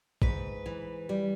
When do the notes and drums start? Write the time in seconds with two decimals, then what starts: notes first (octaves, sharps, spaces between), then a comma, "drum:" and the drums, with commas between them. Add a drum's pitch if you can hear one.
0.22 G#2 B4, drum: kick
0.66 E3
1.09 G3